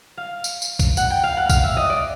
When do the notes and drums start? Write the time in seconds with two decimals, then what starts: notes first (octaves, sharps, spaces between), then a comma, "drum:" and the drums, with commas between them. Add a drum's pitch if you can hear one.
0.17 F5
0.44 drum: tambourine
0.62 drum: tambourine
0.79 drum: kick B1, tambourine
0.97 F#5, drum: tambourine
1.10 G5
1.23 F5
1.37 F#5
1.50 F5, drum: kick B1, tambourine
1.63 E5
1.77 D#5
1.90 D5